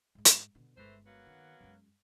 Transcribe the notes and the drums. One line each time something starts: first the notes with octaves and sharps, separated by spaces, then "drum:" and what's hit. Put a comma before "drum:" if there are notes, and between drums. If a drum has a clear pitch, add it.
G#2 G#3
drum: hi-hat
B2 D3
G1 E3 G#3 A3 C5
F#3 A#3 B3
D#3
F#2 G#3